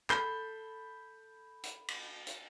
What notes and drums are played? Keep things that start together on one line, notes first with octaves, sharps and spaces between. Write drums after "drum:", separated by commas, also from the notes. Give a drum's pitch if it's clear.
A4 B5 G6 C7, drum: clap
drum: hi-hat
drum: cymbal
drum: hi-hat